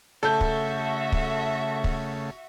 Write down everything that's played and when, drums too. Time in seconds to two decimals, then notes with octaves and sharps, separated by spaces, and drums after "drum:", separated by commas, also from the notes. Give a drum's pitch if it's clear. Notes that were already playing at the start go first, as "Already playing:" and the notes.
0.23 C#3 A3 F#4 A4 E5 G6
0.41 drum: kick
1.12 drum: kick
1.84 drum: kick